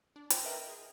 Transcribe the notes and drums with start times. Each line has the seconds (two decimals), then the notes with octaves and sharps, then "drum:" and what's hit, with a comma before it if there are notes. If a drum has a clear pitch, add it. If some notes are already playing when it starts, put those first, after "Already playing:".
0.16 D4
0.30 G5, drum: hi-hat
0.44 A#4 B4 D#5 E5 G5 A#5
0.69 G#4